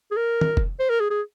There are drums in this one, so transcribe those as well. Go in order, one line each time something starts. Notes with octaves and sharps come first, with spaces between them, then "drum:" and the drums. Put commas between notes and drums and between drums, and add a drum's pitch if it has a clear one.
G#4
A#4
drum: tom D#3
drum: kick F1
C5
A#4
G#4
G#4